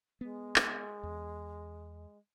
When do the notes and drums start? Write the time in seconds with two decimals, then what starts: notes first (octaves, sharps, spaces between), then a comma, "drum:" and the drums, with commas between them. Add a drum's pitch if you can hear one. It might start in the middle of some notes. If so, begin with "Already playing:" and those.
0.21 G#3 B3
0.56 drum: clap
1.03 E2